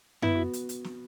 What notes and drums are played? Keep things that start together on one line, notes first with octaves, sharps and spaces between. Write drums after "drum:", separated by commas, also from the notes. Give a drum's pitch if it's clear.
B3 E4, drum: tom F#2
F#4
drum: hi-hat
drum: hi-hat
drum: snare